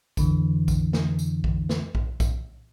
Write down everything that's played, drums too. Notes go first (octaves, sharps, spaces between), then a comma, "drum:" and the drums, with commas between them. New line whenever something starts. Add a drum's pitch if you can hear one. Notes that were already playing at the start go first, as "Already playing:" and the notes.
F2 D3 E3, drum: kick B1, tambourine
drum: kick B1, tambourine
drum: snare A3
drum: tambourine
drum: kick B1
drum: snare A3
drum: kick B1
drum: kick B1, tambourine